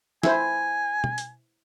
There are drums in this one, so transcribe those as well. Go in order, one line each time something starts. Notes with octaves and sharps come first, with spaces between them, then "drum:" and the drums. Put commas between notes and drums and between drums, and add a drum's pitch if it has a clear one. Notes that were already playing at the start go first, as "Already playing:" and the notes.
E4 C5 G#5, drum: snare
drum: tom B2
drum: hi-hat